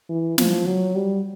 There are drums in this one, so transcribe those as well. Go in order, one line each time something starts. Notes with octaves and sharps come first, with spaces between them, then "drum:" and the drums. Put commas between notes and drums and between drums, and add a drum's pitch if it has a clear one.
E3
F3, drum: snare
F#3
G3